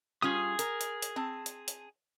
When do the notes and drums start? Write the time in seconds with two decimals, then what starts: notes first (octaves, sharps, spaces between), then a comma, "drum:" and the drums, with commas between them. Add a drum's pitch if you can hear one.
0.22 G3 C#4 F4 G#4 D#6
0.59 A#4, drum: hi-hat
0.81 drum: hi-hat
1.02 drum: hi-hat
1.16 C4 A5
1.46 drum: hi-hat
1.68 drum: hi-hat